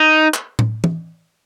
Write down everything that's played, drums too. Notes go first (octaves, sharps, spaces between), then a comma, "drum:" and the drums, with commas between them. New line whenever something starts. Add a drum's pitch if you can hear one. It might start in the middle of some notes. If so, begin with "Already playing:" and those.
Already playing: D#4
drum: clap
drum: tom A2
drum: tom E3